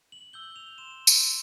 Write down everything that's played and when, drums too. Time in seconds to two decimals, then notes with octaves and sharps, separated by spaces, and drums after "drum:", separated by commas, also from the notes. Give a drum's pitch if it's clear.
0.12 F#7
0.33 E6 G6 G7
0.56 F7
0.78 C6 E7
1.07 drum: tambourine